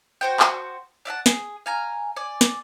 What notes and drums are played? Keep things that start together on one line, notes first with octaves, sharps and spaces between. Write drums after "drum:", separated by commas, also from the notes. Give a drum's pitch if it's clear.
F#4 C5 G5
drum: clap
D5 E5 F#5 A5
G#4, drum: snare
F5 G#5 A#5
D5 G#5
drum: snare